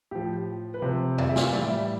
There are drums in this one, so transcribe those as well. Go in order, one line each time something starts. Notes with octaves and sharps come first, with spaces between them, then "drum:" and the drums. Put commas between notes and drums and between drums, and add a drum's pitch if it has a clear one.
A2 F3 G4
B4
C3 F3 C5
D5, drum: tom E2
E5
F5, drum: snare
A2 E3 G3 D5
E5
E5